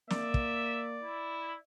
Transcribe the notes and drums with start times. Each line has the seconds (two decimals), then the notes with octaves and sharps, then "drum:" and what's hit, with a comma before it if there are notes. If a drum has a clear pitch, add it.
0.10 A#3 D5 E5, drum: snare
0.34 drum: kick
1.03 E4